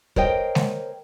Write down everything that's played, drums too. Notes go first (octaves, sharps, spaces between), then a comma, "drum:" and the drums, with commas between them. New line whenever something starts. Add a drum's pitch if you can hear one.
A#4 C5 C#5 D#5 G5, drum: kick
drum: snare G#3